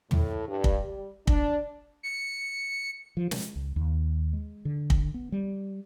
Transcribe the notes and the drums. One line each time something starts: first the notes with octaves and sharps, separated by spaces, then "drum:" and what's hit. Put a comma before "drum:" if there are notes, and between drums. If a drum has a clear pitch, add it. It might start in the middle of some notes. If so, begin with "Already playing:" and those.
A2, drum: tom
G2
drum: kick
G3
D4, drum: kick
C#7
F3
G#3, drum: snare
C#2
D#2
G#3
D3
drum: kick
B3
G3